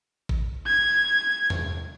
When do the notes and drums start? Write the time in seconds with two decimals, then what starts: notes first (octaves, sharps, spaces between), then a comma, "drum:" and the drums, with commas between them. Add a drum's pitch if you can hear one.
0.29 drum: kick A1
0.66 G#6
1.50 drum: tom E2